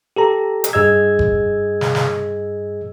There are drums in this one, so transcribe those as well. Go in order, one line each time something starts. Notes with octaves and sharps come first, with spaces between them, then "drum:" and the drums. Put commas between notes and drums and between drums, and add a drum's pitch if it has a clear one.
G4 A4 A#5
drum: hi-hat
G2 G#4 D#5 E6 G#6
drum: kick F#1
drum: snare
drum: snare